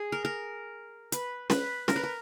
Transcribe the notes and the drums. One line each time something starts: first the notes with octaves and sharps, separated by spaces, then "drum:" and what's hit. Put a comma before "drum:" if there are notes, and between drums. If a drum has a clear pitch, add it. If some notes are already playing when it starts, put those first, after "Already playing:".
Already playing: G#4
A#4
A#4
B4, drum: hi-hat
B4, drum: snare
A#4, drum: snare
B4
A#4